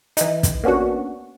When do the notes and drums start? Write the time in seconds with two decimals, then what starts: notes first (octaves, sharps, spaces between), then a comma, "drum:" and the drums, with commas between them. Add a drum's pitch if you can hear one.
0.17 E3 D#4, drum: hi-hat
0.43 drum: kick, hi-hat
0.64 A#3 B3 C#4 D4 F#4